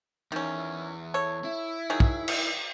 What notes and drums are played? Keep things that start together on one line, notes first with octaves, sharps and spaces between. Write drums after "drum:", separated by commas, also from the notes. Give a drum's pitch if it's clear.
E2 D#3 C#4
A4 C#5
E4
D#3 F#3 G#4
drum: kick
drum: cymbal